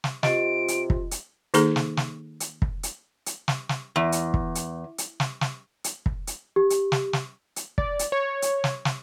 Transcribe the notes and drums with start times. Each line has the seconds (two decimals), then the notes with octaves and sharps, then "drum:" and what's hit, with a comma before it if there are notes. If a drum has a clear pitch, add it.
0.04 drum: snare
0.23 C3 F4 G4 D#5 D7, drum: snare
0.68 drum: hi-hat
0.90 drum: kick
1.11 drum: hi-hat
1.54 D#3 A#3 D#4 G#4 A4 A#5, drum: hi-hat
1.76 drum: snare
1.97 drum: snare
2.40 drum: hi-hat
2.62 drum: kick
2.83 drum: hi-hat
3.26 drum: hi-hat
3.48 drum: snare
3.69 drum: snare
3.96 E2
4.12 drum: hi-hat
4.34 drum: kick
4.55 drum: hi-hat
4.98 drum: hi-hat
5.20 drum: snare
5.41 drum: snare
5.84 drum: hi-hat
6.06 drum: kick
6.27 drum: hi-hat
6.56 G4
6.70 drum: hi-hat
6.92 drum: snare
7.13 drum: snare
7.56 drum: hi-hat
7.78 D5, drum: kick
7.99 drum: hi-hat
8.12 C#5
8.42 drum: hi-hat
8.64 drum: snare
8.85 drum: snare